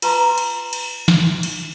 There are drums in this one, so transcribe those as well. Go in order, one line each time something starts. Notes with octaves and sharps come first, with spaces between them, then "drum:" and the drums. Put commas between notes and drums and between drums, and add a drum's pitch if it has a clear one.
F4 B4 A5 A#5 C6, drum: cymbal
drum: cymbal
drum: cymbal
drum: snare
drum: cymbal